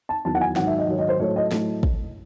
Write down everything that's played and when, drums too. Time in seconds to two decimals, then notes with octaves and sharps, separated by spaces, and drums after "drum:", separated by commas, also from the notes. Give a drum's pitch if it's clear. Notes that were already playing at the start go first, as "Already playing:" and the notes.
0.09 A5
0.25 E2 D#3 F#3 A5
0.35 F#5
0.41 G#5
0.56 G#2 D#3 F#3 F#5, drum: snare
0.67 E5
0.78 D#5
0.88 G#2 D#3 F#3 C#5
0.99 D#5
1.09 C5
1.20 A2 F#3 A3 C#5
1.36 D#5
1.51 A2 F#3 A3, drum: snare
1.83 drum: kick